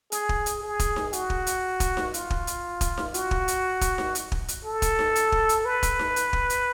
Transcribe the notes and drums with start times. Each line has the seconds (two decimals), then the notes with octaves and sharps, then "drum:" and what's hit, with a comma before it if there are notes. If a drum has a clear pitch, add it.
0.12 G#4, drum: hi-hat
0.29 drum: kick
0.46 drum: hi-hat
0.63 G#4
0.79 drum: kick, hi-hat
0.96 drum: snare D#4
1.13 F#4, drum: hi-hat
1.30 drum: kick
1.47 drum: hi-hat
1.80 drum: kick, hi-hat
1.97 drum: snare D#4
2.14 F4, drum: hi-hat
2.30 drum: kick
2.47 drum: hi-hat
2.81 drum: kick, hi-hat
2.98 drum: snare D#4
3.14 F#4, drum: hi-hat
3.31 drum: kick
3.48 drum: hi-hat
3.81 drum: kick, hi-hat
3.98 drum: snare D#4
4.15 drum: hi-hat
4.32 drum: kick
4.48 drum: hi-hat
4.65 A4
4.82 drum: kick, hi-hat
4.99 drum: snare D#4
5.16 drum: hi-hat
5.32 drum: kick
5.49 drum: hi-hat
5.65 B4
5.83 drum: kick, hi-hat
5.99 drum: snare D#4
6.16 drum: hi-hat
6.33 drum: kick
6.50 drum: hi-hat